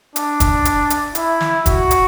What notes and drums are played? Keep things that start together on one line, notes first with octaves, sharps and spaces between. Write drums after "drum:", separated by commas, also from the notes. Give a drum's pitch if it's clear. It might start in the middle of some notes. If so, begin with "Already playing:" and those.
D4, drum: hi-hat
drum: kick, hi-hat
drum: hi-hat
drum: hi-hat
E4, drum: hi-hat
drum: snare
F#4, drum: kick, hi-hat
drum: hi-hat